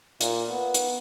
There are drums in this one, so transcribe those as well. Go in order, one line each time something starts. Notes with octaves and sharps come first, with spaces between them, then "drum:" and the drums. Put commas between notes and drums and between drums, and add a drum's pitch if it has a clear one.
A#2, drum: hi-hat
B3
drum: hi-hat